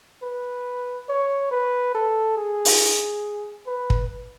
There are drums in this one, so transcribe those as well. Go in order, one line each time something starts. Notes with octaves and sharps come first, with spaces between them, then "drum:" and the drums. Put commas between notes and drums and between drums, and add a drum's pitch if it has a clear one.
B4
C#5
B4
A4
G#4
drum: open hi-hat
B4
drum: kick